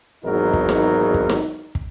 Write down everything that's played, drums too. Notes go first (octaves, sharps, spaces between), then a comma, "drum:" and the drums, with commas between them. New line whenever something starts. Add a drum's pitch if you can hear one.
G#1 E2 G#2 F#3 D#4 A#4
drum: kick
drum: snare D#4
drum: kick
drum: snare D#4
drum: kick